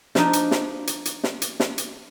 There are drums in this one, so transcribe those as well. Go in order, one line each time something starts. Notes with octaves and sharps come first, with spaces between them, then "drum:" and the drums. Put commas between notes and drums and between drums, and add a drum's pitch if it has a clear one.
F3 D4 D#4, drum: snare
drum: hi-hat
drum: snare
drum: hi-hat
drum: hi-hat
drum: snare
drum: hi-hat
drum: snare
drum: hi-hat